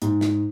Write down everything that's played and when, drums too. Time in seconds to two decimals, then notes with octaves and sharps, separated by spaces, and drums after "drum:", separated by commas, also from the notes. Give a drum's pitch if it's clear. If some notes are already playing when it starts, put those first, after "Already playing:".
0.02 G#2, drum: hi-hat
0.21 drum: snare